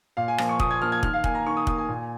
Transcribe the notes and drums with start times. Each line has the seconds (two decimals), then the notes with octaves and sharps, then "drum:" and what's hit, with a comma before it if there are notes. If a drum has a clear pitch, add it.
0.17 A#2 F5
0.28 G#5
0.38 F3 A#3, drum: rim click
0.49 C#6
0.60 A#2 D#6, drum: kick
0.71 G#6
0.82 F3 A#3 F6
0.92 G#6
1.03 D#3 F6, drum: kick
1.14 F5
1.24 A#3 G#5, drum: kick
1.35 A#5
1.46 D#3 C#6
1.57 D#6
1.67 A#3 D#6, drum: kick
1.78 G#5
1.89 A#2